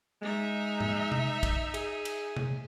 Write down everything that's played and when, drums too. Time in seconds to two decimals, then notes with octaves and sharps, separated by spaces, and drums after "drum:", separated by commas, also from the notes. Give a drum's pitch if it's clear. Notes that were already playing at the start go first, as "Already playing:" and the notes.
0.22 G#3 D#4 E5
0.80 drum: tom G#2
1.12 drum: tom C3
1.43 drum: kick, cymbal
1.74 G#4, drum: cymbal
2.05 drum: cymbal
2.37 drum: tom C3